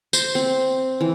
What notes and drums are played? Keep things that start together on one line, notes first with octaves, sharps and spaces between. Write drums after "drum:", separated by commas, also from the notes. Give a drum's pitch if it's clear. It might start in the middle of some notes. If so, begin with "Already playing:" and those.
C5, drum: tambourine
C4
E3